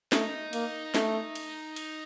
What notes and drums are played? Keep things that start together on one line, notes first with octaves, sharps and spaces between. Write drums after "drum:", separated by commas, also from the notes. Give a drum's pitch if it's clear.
A3 D#4, drum: snare
A#3, drum: cymbal
A3, drum: snare
drum: cymbal
drum: cymbal